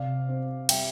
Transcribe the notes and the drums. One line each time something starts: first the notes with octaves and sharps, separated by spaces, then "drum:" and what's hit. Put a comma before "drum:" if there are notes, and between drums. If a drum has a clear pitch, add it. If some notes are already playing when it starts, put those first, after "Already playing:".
Already playing: C3 D5 F5
C4
G3 E5 G5, drum: cymbal